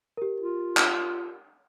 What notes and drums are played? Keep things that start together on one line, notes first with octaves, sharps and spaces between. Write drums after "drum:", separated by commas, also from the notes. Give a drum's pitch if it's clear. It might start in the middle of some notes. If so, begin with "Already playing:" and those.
G4 A#4
F4
drum: clap